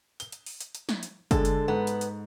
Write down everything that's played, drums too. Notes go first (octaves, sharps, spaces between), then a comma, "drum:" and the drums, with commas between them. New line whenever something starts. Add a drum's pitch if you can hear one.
G7, drum: hi-hat
drum: hi-hat
drum: open hi-hat
drum: hi-hat
drum: hi-hat
drum: snare
drum: hi-hat
D3 G#3 A4, drum: kick, hi-hat
drum: hi-hat
G#2 B3
drum: hi-hat
drum: hi-hat